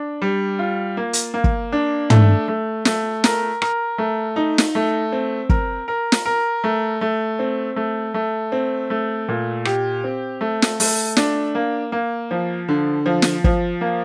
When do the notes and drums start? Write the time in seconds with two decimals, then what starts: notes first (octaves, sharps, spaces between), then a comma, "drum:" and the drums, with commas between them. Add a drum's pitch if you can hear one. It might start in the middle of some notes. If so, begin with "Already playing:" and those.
Already playing: D4
0.22 G3
0.59 F4
0.97 A#3
1.13 drum: hi-hat
1.34 A#3
1.44 drum: kick
1.72 D4
2.10 A3, drum: tom
2.48 A3
2.85 A3, drum: snare
3.24 A#4, drum: snare
3.62 A#4, drum: rim click
3.98 A3
4.36 D#4
4.58 drum: snare
4.75 A3
5.12 C4
5.49 A#4, drum: kick
5.88 A#4
6.12 drum: snare
6.26 A#4
6.64 A3
7.01 A3
7.39 C4
7.76 A3
8.14 A3
8.52 C4
8.90 A3
9.29 A#2
9.65 G4, drum: rim click
10.04 C4
10.41 A3
10.62 drum: snare
10.80 A3, drum: open hi-hat
11.17 D4, drum: snare
11.55 A#3
11.92 A#3
12.31 F3
12.68 D3
13.06 F3
13.22 drum: snare
13.44 F3, drum: kick
13.81 A#3